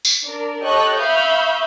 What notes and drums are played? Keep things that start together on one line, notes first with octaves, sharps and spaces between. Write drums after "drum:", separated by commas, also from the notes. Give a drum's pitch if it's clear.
drum: tambourine
D4 A#4 D5
G4 A4 C#5 D#5 C#6 F#6
E5 F5 B5 C#6 D#6 G6